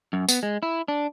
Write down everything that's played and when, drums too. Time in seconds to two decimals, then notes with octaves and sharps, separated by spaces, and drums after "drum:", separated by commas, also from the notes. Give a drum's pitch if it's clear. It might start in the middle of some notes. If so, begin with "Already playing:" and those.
0.13 F#2
0.29 B3, drum: tambourine
0.43 G#3
0.63 E4
0.88 D4